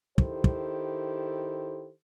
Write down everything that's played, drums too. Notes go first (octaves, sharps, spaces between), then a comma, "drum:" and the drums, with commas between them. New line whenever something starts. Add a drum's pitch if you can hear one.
D#3 E4 G4 A4 C5, drum: kick
drum: kick